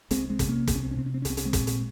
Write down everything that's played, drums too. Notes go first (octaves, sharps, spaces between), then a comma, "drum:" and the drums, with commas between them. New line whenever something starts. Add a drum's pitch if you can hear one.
C2 G#3 C4, drum: hi-hat
G#3 C4
C3, drum: kick, hi-hat
A#3 C#4
C2 C4, drum: kick, hi-hat
C#4
C4
C#4
C3 C4
C#4
C4
C#4
C2, drum: hi-hat
C4
C#4, drum: hi-hat
G#3 C4
A#2, drum: kick, hi-hat
drum: hi-hat